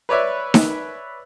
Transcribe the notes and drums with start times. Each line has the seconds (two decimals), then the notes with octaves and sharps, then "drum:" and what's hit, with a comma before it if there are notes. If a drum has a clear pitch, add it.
0.09 B4 C#5 D5 E5
0.54 drum: snare D#4